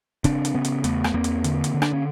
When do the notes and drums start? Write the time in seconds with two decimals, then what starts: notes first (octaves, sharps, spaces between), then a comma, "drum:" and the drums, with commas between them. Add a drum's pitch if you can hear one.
0.24 C#3 C4 D4, drum: kick, hi-hat
0.45 drum: hi-hat
0.54 C#3 B3 C#4
0.65 drum: hi-hat
0.84 E2 A3 B3, drum: hi-hat
1.04 drum: rim click
1.14 E2 A#3 C4
1.24 drum: hi-hat
1.44 D3, drum: hi-hat
1.64 drum: hi-hat
1.74 D3
1.82 D4, drum: rim click
1.93 C#4